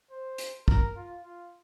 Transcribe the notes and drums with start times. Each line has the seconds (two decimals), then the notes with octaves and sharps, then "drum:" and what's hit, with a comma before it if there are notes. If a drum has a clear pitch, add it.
0.11 C5
0.38 drum: hi-hat
0.68 A#4, drum: kick
0.96 F4
1.24 F4